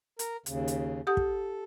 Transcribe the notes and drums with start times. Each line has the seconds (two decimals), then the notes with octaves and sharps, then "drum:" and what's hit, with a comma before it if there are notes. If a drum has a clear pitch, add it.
0.19 A#4, drum: hi-hat
0.46 D#2 C#3, drum: hi-hat
0.68 drum: hi-hat
1.07 G4 A4 F#5 D#6
1.17 drum: kick